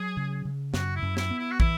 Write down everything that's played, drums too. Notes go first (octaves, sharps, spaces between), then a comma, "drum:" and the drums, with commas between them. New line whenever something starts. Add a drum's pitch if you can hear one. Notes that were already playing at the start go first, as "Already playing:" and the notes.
Already playing: F#3 G#4
C#3
C#3
F#2 F#4, drum: snare
E4
F#2
E4, drum: snare
B3
E4
F#4
E3 E4, drum: kick